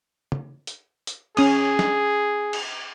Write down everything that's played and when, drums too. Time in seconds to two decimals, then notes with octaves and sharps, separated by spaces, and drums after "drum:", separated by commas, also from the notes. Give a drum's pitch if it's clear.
0.32 drum: tom
0.67 drum: hi-hat
1.07 drum: hi-hat
1.37 C#4 G#4 D#6, drum: cymbal
1.79 drum: snare
2.53 drum: cymbal